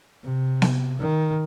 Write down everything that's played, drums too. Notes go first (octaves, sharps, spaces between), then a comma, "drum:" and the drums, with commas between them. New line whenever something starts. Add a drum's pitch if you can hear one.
C3
drum: snare B3
D#3